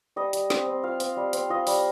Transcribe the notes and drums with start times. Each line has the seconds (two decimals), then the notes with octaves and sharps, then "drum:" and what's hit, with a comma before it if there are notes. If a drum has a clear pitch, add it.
0.16 G3 D#5
0.33 G3, drum: hi-hat
0.50 C4, drum: snare
0.67 C4
0.83 F4 F5
1.00 C4, drum: hi-hat
1.17 G3
1.33 C4, drum: hi-hat
1.50 F4 D#5
1.67 G3, drum: open hi-hat